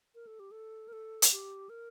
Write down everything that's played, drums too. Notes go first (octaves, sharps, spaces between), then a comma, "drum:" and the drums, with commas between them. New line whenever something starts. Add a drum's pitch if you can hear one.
A#4
A4
G4
A4
A#4
A4
drum: hi-hat
G4
A#4